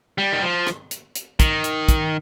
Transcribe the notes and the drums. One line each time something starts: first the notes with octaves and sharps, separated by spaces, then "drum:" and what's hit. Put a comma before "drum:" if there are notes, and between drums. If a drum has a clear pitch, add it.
G3
D#3
F3
drum: rim click
drum: hi-hat
drum: hi-hat
D#3, drum: kick, hi-hat
drum: hi-hat
drum: kick, hi-hat